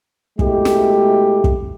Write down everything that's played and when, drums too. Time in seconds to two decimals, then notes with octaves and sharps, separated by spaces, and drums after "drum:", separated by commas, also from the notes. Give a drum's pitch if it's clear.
0.39 B2 G#3 A3 E4 G4, drum: kick
0.65 drum: snare
1.44 drum: kick